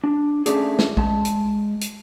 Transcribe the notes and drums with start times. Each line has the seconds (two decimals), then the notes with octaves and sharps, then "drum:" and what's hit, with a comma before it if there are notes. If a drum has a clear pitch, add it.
0.04 D4
0.46 A3 C#4 D4 G#4, drum: hi-hat
0.79 drum: snare
0.97 G#3 A5, drum: kick A#1
1.25 drum: hi-hat
1.81 drum: hi-hat